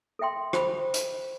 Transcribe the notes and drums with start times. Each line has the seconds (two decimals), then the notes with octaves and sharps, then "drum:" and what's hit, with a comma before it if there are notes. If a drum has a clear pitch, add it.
0.19 A4 E5 G5 C6
0.53 C5 G5 B5, drum: rim click
0.94 drum: hi-hat